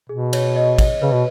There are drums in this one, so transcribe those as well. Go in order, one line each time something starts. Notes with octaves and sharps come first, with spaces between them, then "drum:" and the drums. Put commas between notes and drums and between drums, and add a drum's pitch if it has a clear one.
B2 G#4
C#5, drum: cymbal
D#5
drum: kick, cymbal
C#3 B4
B2